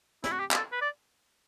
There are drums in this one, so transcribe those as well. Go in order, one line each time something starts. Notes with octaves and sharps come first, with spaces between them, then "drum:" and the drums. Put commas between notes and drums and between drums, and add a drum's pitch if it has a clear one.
E4, drum: snare
F#4
G4
G4, drum: clap
A4
B4
D5